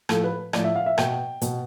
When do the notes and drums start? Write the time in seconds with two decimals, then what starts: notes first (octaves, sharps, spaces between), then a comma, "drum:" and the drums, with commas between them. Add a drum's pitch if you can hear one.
0.09 A2 F3 A4, drum: rim click
0.24 B4
0.53 A2 F3 D5, drum: rim click
0.64 E5
0.75 F5
0.86 E5
0.98 B2 G5, drum: rim click
1.41 B2, drum: hi-hat